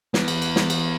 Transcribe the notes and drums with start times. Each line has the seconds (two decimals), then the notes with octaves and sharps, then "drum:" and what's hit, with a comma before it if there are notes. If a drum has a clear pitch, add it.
0.14 E3 B3, drum: snare
0.28 drum: cymbal
0.42 drum: cymbal
0.56 drum: snare
0.70 drum: cymbal